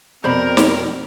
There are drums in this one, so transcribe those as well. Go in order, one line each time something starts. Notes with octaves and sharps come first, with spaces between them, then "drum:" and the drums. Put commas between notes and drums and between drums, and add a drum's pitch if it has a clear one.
F2 B2 C4 A#4 C5 D5 B5
drum: snare